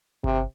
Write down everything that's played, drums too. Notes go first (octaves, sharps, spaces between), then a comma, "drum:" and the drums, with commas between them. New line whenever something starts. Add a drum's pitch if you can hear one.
C3, drum: kick G1